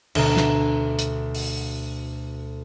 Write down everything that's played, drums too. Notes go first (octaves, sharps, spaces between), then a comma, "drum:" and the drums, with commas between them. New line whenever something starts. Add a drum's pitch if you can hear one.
D2 B2 A#5, drum: cymbal
drum: snare
drum: hi-hat
drum: open hi-hat